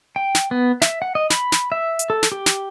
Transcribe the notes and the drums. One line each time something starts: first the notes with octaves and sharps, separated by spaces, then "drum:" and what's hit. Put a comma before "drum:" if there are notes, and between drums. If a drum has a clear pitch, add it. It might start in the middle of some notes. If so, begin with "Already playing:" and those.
G5
drum: snare
B3
E5, drum: snare
F#5
D#5
B5, drum: snare
drum: snare
E5
drum: hi-hat
A4
drum: snare
G4
drum: snare